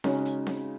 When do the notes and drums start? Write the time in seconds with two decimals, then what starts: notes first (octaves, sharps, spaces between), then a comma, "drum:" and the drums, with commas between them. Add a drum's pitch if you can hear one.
0.04 C#3 G#3 C#4 D#4 F#4, drum: snare C4
0.25 drum: hi-hat
0.47 drum: snare C4